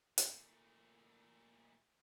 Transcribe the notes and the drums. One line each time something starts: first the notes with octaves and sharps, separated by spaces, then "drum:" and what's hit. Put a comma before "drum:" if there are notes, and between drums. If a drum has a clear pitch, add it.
A#2 A3, drum: hi-hat